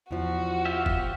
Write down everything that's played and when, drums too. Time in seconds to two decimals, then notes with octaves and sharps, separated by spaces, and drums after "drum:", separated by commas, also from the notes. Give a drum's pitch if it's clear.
0.11 E2 F3 F#4
0.65 F4 G4 E5
0.86 drum: kick F1